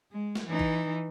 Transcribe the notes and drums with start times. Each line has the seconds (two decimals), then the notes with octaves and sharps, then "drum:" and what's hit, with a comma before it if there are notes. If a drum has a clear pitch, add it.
0.12 G#3
0.35 drum: snare
0.46 E3 D#4
0.59 drum: kick A1